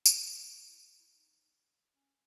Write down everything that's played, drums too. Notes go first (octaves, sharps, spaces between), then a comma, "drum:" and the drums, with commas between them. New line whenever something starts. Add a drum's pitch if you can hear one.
D#4, drum: tambourine
E4
E4
D#4
C#4